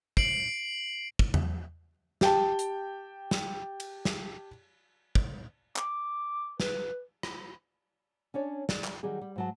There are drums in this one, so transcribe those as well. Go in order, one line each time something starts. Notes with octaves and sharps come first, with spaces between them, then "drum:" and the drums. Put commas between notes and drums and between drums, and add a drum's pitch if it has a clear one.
C7 D7 F#7, drum: kick
drum: kick
drum: tom E2
G4 G5 A5, drum: snare
drum: hi-hat
drum: snare
drum: cymbal
drum: snare
drum: kick
D6, drum: clap
B4, drum: snare
drum: rim click
C#4 D4 C#5 D5
D5, drum: snare
drum: clap
D#3 F#3 G3 G4 G#4
G3
G#2 F#3 A5